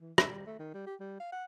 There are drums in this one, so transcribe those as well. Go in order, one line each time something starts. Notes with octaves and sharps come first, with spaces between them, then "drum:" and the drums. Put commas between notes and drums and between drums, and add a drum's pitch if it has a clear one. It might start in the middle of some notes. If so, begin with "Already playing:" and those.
E3
E5, drum: rim click
G3
A3
D#3
G3
G4
G3
F5
F#5